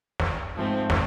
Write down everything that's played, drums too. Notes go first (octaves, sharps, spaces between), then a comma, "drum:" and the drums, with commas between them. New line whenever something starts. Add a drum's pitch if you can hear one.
drum: snare
G#2 F3 A3 C4
drum: snare